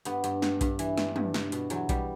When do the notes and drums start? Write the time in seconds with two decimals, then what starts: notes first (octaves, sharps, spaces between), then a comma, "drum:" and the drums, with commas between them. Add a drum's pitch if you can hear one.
0.05 G2 B3, drum: hi-hat
0.24 G2, drum: hi-hat
0.42 G2, drum: snare
0.61 G2, drum: kick A#1, hi-hat
0.79 E3, drum: hi-hat
0.97 G2, drum: snare
1.16 G2, drum: tom
1.34 G2, drum: snare
1.52 B2, drum: hi-hat
1.70 E2 F#3, drum: hi-hat
1.89 B2 G3, drum: kick A#1, hi-hat